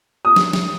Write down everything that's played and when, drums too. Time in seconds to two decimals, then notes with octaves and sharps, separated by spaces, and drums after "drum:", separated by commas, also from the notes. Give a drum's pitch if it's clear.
0.25 D#6
0.36 drum: snare
0.53 drum: snare